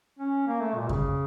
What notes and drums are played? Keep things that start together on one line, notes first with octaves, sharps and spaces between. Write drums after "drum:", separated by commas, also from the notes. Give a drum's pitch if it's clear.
C#4
A#3
A3
A#2
C#3, drum: kick F#2